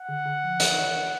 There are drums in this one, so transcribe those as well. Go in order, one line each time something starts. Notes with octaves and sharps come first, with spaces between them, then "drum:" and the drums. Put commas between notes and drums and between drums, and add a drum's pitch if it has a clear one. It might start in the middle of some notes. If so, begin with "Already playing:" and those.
Already playing: F#5
D3
D3
F3
E3, drum: hi-hat
E3
E3